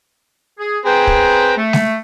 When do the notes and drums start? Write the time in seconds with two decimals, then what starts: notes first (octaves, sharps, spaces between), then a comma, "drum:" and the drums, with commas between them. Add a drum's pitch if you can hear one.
0.59 G#4
0.85 C4 G#4 B4 C5 G5 A#5
1.07 drum: kick
1.57 A3
1.73 drum: snare G#3